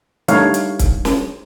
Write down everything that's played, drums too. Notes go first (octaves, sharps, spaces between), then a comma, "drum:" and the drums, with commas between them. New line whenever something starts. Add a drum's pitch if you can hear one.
G3 A3 D4 D#4 C#5 F5, drum: hi-hat
drum: hi-hat
drum: kick C#1, hi-hat
drum: snare